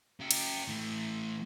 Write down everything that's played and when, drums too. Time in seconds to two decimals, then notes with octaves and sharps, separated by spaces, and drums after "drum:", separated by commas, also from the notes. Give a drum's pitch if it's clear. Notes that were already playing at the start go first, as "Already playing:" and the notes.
0.20 C#3 G5
0.31 drum: cymbal
0.68 A2 E3